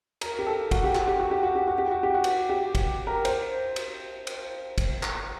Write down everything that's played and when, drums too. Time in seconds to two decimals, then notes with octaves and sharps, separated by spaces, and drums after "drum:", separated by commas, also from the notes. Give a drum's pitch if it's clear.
0.21 A#4, drum: cymbal
0.39 G4
0.47 A4
0.71 F#4, drum: kick, cymbal
0.84 G4
0.95 F#4, drum: clap
1.07 G4
1.20 F#4
1.31 G4
1.43 F#4
1.56 G4
1.68 F#4
1.78 G4
1.91 F#4
2.03 G4
2.14 F#4
2.24 drum: cymbal
2.49 G4
2.75 drum: kick, cymbal
3.07 A#4
3.25 C5, drum: cymbal
3.76 drum: cymbal
4.27 drum: cymbal
4.78 drum: kick, cymbal
5.03 drum: clap